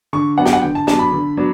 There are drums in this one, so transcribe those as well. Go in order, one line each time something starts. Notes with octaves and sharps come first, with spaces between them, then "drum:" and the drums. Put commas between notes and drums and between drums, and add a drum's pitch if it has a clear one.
D3 C#6
F#3 B3 D4 F#5
G5, drum: snare
F#5
D3 G5
A5
F#3 B3 D4 A5, drum: snare
B5
D3
F#3 B3 D4